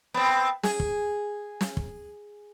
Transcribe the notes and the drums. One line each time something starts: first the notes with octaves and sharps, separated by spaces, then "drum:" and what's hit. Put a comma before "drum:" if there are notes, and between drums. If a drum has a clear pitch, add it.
B3 C4
G#4, drum: snare
drum: kick
drum: snare
drum: kick